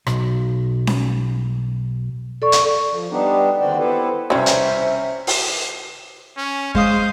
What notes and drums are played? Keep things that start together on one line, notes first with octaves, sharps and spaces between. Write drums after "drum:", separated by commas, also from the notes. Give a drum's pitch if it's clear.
B1, drum: rim click
drum: snare C#4
A4 D5 C#6
drum: hi-hat
F3
G3 B3 D4 D#4 G4
D#2 D3 C4 F#4 D5 G5
B3 E4 G4 A4 B4 C5
C2 D3 C4 C#4 C5 C#5 E5
drum: hi-hat
drum: open hi-hat
C#4
G#3 C5 F5 D#6, drum: kick